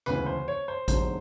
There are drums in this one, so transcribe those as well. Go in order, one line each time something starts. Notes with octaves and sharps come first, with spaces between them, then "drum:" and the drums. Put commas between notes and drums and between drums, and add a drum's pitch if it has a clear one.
E1 D2 C#3 E3 B4, drum: rim click
C5
C#5
C5
E1 D#2 D3 F#3 C5, drum: kick A1, hi-hat